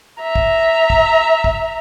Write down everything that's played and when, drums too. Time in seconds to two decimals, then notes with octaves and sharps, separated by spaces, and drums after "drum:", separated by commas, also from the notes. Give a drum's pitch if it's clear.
0.22 E5 A#5
0.36 drum: kick
0.90 drum: kick
1.44 drum: kick